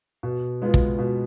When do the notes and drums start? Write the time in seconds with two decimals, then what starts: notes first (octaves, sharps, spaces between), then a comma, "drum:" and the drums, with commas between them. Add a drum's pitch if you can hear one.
0.23 B2
0.62 G#3 B3 F4
0.74 drum: kick
0.99 B2